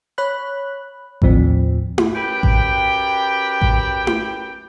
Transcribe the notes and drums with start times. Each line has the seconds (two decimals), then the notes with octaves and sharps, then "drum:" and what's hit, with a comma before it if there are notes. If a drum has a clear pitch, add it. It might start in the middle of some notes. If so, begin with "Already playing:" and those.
0.18 C#5 B5 F#6
1.22 D#2 A2 F3 C4, drum: kick A1
1.98 drum: tom E4
2.15 F#2 G4 B4 G5
2.43 drum: kick A1
3.62 drum: kick A1
4.07 drum: tom E4